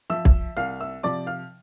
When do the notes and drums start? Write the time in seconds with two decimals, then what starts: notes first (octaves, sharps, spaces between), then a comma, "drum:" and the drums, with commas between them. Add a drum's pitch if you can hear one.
0.10 F3 E5 E6
0.25 drum: kick
0.57 C2 F5 F6
0.80 E5 E6
1.03 C3 F3 D5 D6
1.26 F5 F6